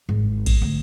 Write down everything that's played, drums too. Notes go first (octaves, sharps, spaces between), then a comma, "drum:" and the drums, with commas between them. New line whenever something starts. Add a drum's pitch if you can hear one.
G#1
drum: kick A#1, cymbal
D2